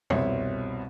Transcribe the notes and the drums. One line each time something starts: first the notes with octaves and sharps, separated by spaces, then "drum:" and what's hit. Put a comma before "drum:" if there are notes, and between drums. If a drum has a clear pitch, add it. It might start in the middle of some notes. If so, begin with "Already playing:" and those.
C2 B2 C4 C#5 E5, drum: tom F2